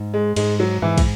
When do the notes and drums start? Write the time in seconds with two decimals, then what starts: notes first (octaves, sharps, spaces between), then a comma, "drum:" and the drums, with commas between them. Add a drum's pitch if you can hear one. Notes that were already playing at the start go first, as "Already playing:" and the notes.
Already playing: G#2
0.14 G#3
0.36 G#2 G#3, drum: cymbal
0.60 F#3
0.82 G#2 E3
0.98 drum: kick, cymbal